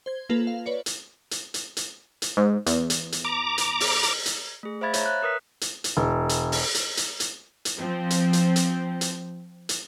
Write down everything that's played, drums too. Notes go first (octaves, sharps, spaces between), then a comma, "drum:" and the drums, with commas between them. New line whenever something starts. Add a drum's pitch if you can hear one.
C5 G#6
A#3 F4 A4 B4
F5
B4 C#5 D5 C#7
drum: hi-hat
drum: hi-hat
drum: hi-hat
drum: hi-hat
drum: hi-hat
G#2
E2, drum: hi-hat
drum: hi-hat
drum: hi-hat
A#5 D6
drum: hi-hat
drum: open hi-hat
drum: hi-hat
drum: hi-hat
A3 G#4
C5 E5 F5 B5 G#6 A6
C#5 E5 A#5, drum: hi-hat
F#6
A#4 B4 D#6 F#6 B6
drum: hi-hat
drum: hi-hat
E1
drum: hi-hat
drum: open hi-hat
drum: hi-hat
drum: hi-hat
drum: hi-hat
drum: hi-hat
F3 C4
drum: hi-hat
drum: hi-hat
drum: hi-hat
drum: hi-hat
drum: hi-hat